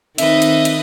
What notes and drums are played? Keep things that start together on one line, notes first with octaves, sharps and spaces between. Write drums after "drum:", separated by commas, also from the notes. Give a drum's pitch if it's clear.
D#3 C4 B4 D#5 E5, drum: hi-hat
drum: hi-hat
drum: hi-hat